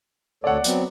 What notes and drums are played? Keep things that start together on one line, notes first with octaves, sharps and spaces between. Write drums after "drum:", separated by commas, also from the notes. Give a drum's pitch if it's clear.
D2 A4 C#5 D5 F#5
F#3 B3 C4, drum: hi-hat